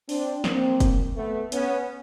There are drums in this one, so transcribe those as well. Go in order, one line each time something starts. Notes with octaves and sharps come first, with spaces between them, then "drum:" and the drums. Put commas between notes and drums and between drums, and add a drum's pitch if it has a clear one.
C4 D4, drum: open hi-hat
A#3 C4, drum: snare
drum: kick F1, hi-hat
A3 B3
B3 C#4, drum: hi-hat